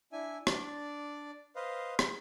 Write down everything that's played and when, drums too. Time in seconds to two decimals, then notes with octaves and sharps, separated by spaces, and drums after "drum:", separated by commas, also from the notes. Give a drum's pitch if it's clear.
0.12 D4 E4 E5 G#5
0.47 D4 D5, drum: rim click
1.56 B4 C5 D#5 F5
1.99 drum: rim click